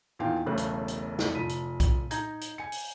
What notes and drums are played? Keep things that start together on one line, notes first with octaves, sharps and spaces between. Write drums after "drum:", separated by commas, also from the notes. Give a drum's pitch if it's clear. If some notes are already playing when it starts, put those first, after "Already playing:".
E2 A#2 D#3 F5 G5 G#5
E1 B1 C#3 A3 C5 F#6
drum: hi-hat
drum: hi-hat
drum: snare
F1 F3 B6 D#7
drum: hi-hat
drum: kick B1, hi-hat
D#4 A#5 G6 G#6, drum: hi-hat
drum: hi-hat
G#5 C#7
drum: open hi-hat